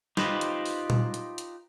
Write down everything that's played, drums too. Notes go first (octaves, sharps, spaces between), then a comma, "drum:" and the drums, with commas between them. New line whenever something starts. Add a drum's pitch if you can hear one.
D#4 F4 G4 B4 C5 D#5, drum: snare
drum: hi-hat
drum: open hi-hat
drum: tom A#2
drum: hi-hat
drum: hi-hat